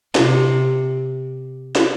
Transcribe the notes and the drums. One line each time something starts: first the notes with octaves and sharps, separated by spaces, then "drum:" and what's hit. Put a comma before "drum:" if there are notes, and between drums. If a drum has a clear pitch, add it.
C3, drum: snare
drum: snare